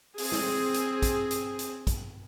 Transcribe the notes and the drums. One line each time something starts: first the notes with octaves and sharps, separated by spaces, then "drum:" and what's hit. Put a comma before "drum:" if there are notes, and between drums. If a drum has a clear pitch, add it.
C4 G#4, drum: open hi-hat
drum: snare
drum: hi-hat
drum: kick, hi-hat
drum: hi-hat
drum: hi-hat
drum: kick, hi-hat